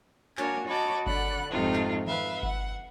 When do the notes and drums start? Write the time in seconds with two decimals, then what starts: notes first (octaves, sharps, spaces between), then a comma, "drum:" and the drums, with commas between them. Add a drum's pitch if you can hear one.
0.37 A#3 D4 F#4 A#4 C#5 G#5, drum: clap
0.67 F#4 C#5 D#5 A5 B5 D6
1.07 D3 D5 F#5 B5 F#6, drum: kick G1
1.51 F2 G#2 C3 A3 D#4 F4
1.74 drum: clap
2.07 B4 E5 F5, drum: tom D#3
2.43 F#5, drum: kick G1